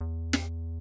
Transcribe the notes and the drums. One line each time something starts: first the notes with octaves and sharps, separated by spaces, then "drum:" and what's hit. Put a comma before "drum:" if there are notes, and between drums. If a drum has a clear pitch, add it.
E2
drum: snare